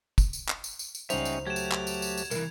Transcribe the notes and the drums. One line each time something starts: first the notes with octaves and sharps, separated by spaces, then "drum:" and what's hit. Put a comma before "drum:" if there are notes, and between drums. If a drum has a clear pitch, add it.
drum: kick, tambourine
drum: tambourine
drum: clap
drum: tambourine
drum: tambourine
drum: tambourine
C#2 G3 C#4 D#4 C5 E5 F#5 F7, drum: tambourine
drum: tambourine
F#3 A3 G4 G#6 E7
drum: tambourine
drum: clap
drum: tambourine
drum: tambourine
drum: tambourine
C2 E3 A#4, drum: tambourine